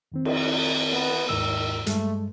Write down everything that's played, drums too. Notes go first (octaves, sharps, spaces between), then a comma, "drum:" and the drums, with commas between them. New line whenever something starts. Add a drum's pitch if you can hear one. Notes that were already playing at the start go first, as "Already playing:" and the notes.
F2 D#3 C4
drum: cymbal
B3
D#2 G#2 D#3 E6
G2 G#3 A3, drum: hi-hat